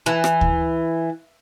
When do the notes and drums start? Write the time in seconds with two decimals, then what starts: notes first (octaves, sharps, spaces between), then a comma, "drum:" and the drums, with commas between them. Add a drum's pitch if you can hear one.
0.06 E3
0.24 drum: rim click
0.41 drum: kick D2